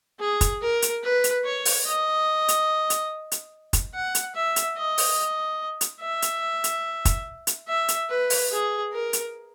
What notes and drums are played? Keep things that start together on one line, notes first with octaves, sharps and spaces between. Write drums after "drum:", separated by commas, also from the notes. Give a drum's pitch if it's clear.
G#4
drum: kick, hi-hat
A#4
drum: hi-hat
B4
drum: hi-hat
C#5
drum: open hi-hat
D#5
drum: hi-hat
drum: hi-hat
drum: hi-hat
drum: kick, hi-hat
F#5
drum: hi-hat
E5
drum: hi-hat
D#5
drum: open hi-hat
drum: hi-hat
E5
drum: hi-hat
drum: hi-hat
drum: kick, hi-hat
drum: hi-hat
E5
drum: hi-hat
B4
drum: open hi-hat
G#4
A#4
drum: hi-hat